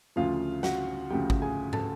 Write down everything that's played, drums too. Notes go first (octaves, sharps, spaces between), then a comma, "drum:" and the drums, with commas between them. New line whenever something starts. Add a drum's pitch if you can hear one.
D2 C#3 F3 F4 F5
F#4 F#5, drum: snare
D2 C#3 F3 G4 G5
drum: kick G#1
G#4 G#5
A4 A5, drum: tom